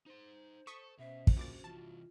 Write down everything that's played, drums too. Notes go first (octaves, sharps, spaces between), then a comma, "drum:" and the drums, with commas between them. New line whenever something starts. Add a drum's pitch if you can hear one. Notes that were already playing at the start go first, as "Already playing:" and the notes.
D#4 C5 C6
A4 C#6 D#6 B6
B2 C#4 C5 E5
drum: kick
A#1 F#4 D6 A6
C2 E3 F4 A5